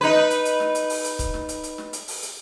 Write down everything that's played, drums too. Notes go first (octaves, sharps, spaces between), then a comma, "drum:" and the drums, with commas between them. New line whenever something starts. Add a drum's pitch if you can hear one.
D#4 B4
drum: snare
drum: hi-hat
drum: hi-hat
drum: snare
drum: hi-hat
drum: open hi-hat
drum: hi-hat
drum: kick C#1, hi-hat
drum: snare
drum: hi-hat
drum: hi-hat
drum: snare
drum: hi-hat
drum: open hi-hat
drum: hi-hat